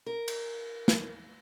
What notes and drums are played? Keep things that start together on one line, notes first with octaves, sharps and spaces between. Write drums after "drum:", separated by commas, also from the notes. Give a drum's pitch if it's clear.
A#4
drum: cymbal
drum: snare